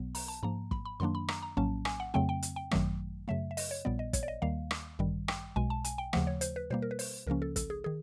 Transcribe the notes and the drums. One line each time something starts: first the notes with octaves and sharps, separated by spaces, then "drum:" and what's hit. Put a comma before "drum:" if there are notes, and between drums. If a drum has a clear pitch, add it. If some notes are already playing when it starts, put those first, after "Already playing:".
Already playing: B1 B2 F#3 B3
A#5, drum: open hi-hat
A5
G#2 F3 A#3 A#5
B5, drum: kick
B5
F#2 D#3 F#3 A#3 D4 C6
B5
A#5, drum: rim click
A#5
A#1 A2 F#3 A#3 C#4 A5
G#5, drum: rim click
F#5
F2 C#3 F#3 A3 C4 G5
G5
drum: hi-hat
G5
G#1 F#2 D#3 F#3 A3, drum: rim click
F#2 C#3 F#3 A3 E5
E5
D#5, drum: open hi-hat
C#5
A#1 A#2 G3 B3 D5
D#5
C#5, drum: kick, hi-hat
D5
D#5
D#2 D#3 G3 A#3 F5
drum: rim click
A1 G2 D#3 G3
G5, drum: rim click
B1 B2 G#3 G#5
A5
G#5, drum: hi-hat
G5
D#2 C#3 F3 A3 F#5, drum: rim click
C#5
C5, drum: hi-hat
B4
B2 G3 A#3 C5
A#4
B4
C5, drum: open hi-hat
C#2 C#3 F3 A#3 C#4 A#4
A4
A4, drum: kick, hi-hat
G#4
D#3 G#4